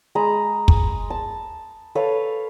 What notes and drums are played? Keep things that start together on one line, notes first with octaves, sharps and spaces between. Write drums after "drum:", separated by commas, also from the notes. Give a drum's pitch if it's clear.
G#3 A#5 B5
drum: kick
A5
A4 B4 C#5 F5